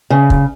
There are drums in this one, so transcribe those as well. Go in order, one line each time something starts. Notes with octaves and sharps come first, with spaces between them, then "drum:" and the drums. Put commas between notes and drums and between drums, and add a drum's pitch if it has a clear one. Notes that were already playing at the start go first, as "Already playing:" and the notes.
C#3
drum: kick